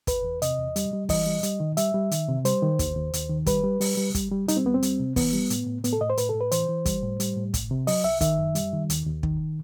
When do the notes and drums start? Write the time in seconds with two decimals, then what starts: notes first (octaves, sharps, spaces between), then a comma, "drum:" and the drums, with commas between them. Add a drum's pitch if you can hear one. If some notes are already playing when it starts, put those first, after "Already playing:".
0.07 E2 B4, drum: kick, hi-hat
0.25 E2
0.42 C3 D#5, drum: hi-hat
0.59 E2
0.76 G3, drum: hi-hat
0.93 G3
1.09 E3 D#5, drum: kick, open hi-hat
1.26 G3
1.43 G3, drum: hi-hat
1.60 D#3
1.77 G3 E5, drum: hi-hat
1.94 G3
2.11 D#3, drum: hi-hat
2.28 C3
2.45 G3 C5, drum: hi-hat
2.63 D#3
2.79 D#2, drum: kick, hi-hat
2.96 D#2
3.13 D#2, drum: hi-hat
3.30 D#3
3.46 G3 B4, drum: kick, hi-hat
3.64 G3
3.81 G3, drum: open hi-hat
3.97 G3
4.15 G3, drum: kick, hi-hat
4.31 G3
4.48 G3 D#4, drum: hi-hat
4.57 C4
4.65 D#2 B3
4.74 C4
4.83 G3, drum: hi-hat
5.00 C3
5.16 E3 B3, drum: kick, open hi-hat
5.33 G3
5.50 A2, drum: hi-hat
5.67 A2
5.84 A2 B3, drum: hi-hat
5.93 A4
6.01 A2 D#5
6.10 C5
6.17 A2 B4, drum: hi-hat
6.29 A4
6.35 A2
6.41 B4
6.51 E3 C5, drum: hi-hat
6.69 E3
6.86 G3, drum: kick, hi-hat
7.03 A2
7.20 G3, drum: hi-hat
7.37 A2
7.54 C2, drum: kick, hi-hat
7.71 C3
7.87 F#3 D#5, drum: open hi-hat
8.04 C2 E5
8.21 D#3 E5, drum: kick, hi-hat
8.38 F#2
8.55 G3, drum: hi-hat
8.73 D#3
8.90 D#2, drum: hi-hat
9.06 D#2
9.23 D#3, drum: kick